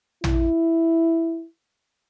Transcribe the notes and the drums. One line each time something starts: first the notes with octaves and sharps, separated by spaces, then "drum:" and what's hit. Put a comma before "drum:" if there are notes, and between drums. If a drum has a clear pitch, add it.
E4, drum: tom